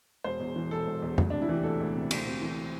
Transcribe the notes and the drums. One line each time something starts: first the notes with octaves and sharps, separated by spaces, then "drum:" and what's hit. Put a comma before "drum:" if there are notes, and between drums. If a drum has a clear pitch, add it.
E1 C5
E2
E3
E1 A4
E1
E2
D2, drum: tom F2
C3 D4
E4
E3 G4
D2 A4
D2
C3
D2, drum: cymbal
C3
E3